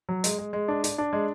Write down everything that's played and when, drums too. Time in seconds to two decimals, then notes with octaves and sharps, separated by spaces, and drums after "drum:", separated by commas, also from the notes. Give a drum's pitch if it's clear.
0.09 F#3
0.24 G#3, drum: hi-hat
0.38 G#3
0.53 G#3
0.68 D4
0.84 D4, drum: hi-hat
0.98 D4
1.13 G#3